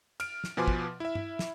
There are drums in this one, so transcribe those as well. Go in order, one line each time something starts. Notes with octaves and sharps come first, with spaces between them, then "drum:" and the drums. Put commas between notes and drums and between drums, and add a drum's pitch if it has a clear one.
F6 D7, drum: cymbal
drum: snare
B2 F3 B4 G#5 C6 D6
drum: kick
E4 E5
drum: tom G2
drum: snare